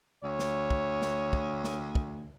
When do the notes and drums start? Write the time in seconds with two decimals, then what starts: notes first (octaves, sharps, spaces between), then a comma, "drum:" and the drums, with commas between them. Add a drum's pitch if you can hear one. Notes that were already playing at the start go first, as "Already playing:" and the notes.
0.24 D2 C#5
0.39 drum: snare
0.70 drum: kick
1.02 drum: snare
1.33 drum: kick
1.64 drum: snare
1.95 drum: kick